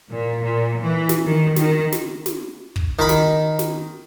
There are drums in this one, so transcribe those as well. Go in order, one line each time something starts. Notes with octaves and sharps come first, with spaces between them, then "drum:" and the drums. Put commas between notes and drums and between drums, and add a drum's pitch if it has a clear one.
A#2
A#2
E3
drum: snare
D#3
D#3, drum: snare
drum: snare
drum: snare
drum: kick
D#3 B5
drum: snare
drum: snare